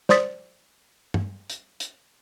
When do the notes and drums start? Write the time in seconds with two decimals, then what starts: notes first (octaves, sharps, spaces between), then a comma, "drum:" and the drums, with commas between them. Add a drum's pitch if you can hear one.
0.09 C5 D5 C6 D#6 A6 B6, drum: snare
1.14 drum: tom G2
1.50 drum: hi-hat
1.80 drum: hi-hat